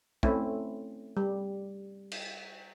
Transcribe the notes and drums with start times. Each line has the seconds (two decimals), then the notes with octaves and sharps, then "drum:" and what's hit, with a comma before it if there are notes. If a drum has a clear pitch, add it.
0.23 A3 C4 C#4 E4, drum: kick
1.17 G3
2.12 drum: cymbal